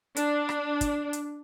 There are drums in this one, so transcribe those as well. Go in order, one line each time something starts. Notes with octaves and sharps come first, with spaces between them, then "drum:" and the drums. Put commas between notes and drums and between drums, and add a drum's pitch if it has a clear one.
D4, drum: hi-hat
drum: rim click
drum: kick, hi-hat
drum: hi-hat